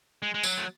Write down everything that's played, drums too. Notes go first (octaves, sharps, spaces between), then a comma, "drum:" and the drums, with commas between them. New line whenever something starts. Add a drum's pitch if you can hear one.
G#3
G#3
F#3, drum: tambourine
A3